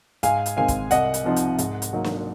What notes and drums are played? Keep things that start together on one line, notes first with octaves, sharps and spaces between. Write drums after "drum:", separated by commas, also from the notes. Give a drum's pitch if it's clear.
G#2 F5 G#5, drum: hi-hat
drum: hi-hat
D#3 G#3 C4 F5 G#5
drum: kick, hi-hat
C2 D#5 F#5, drum: hi-hat
drum: hi-hat
C3 F3 C4 D#4
drum: hi-hat
G#2, drum: hi-hat
drum: hi-hat
F#3 A#3 D#4
drum: snare